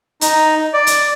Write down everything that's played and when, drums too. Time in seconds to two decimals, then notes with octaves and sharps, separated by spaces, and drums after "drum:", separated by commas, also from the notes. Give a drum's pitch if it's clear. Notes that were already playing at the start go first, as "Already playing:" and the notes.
0.21 D#4, drum: hi-hat
0.74 D5
0.87 drum: hi-hat